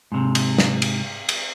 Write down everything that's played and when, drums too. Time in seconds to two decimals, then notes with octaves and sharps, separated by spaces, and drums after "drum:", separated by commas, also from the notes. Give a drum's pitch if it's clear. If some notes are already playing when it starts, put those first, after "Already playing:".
0.12 G#2 C3
0.35 drum: cymbal
0.58 drum: snare
0.82 drum: cymbal
1.29 drum: cymbal